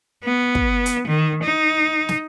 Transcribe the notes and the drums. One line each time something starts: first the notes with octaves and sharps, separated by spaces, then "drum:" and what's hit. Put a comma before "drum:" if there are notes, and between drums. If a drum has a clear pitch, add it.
B3
drum: kick
drum: hi-hat
D#3
D#4
drum: snare